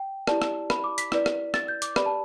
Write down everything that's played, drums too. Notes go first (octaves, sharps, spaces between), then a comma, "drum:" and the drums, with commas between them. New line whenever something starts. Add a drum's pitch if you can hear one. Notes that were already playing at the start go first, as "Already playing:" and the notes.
Already playing: G5
E4 G4 D5 A5, drum: rim click
drum: rim click
B5, drum: rim click
D6
B6, drum: hi-hat
E4 B4 D5, drum: rim click
drum: rim click
A6, drum: rim click
G6
D6, drum: hi-hat
G4 B4 D5 B5, drum: rim click
A5